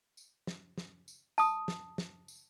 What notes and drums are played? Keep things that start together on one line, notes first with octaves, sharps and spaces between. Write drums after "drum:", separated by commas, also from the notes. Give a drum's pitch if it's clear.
drum: tambourine
drum: snare
drum: snare
drum: tambourine
A5 D#6, drum: tambourine
drum: snare
drum: snare
drum: tambourine